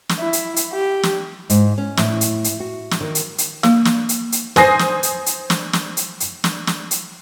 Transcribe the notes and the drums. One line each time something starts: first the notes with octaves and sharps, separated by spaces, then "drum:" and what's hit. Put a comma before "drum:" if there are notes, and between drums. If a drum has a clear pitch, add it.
drum: snare
E4
drum: hi-hat
drum: hi-hat
G4
drum: snare
G#2, drum: hi-hat
C#4
A2, drum: snare
drum: hi-hat
drum: hi-hat
F#4
drum: snare
D#3
drum: hi-hat
drum: hi-hat
A#3, drum: snare
drum: snare
drum: hi-hat
drum: hi-hat
C5 G#5 D#6 A#6 C7, drum: snare
drum: snare
drum: hi-hat
drum: hi-hat
drum: snare
drum: snare
drum: hi-hat
drum: hi-hat
drum: snare
drum: snare
drum: hi-hat